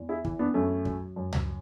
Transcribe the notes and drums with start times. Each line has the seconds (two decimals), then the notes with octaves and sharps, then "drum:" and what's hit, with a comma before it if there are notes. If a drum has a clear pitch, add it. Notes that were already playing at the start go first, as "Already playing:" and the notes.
Already playing: E2
0.09 E4 G#4
0.25 E3, drum: kick
0.39 B3 D4
0.54 F#2 A3 C#4
0.85 F#3, drum: kick
1.16 F#2
1.33 drum: tom C#2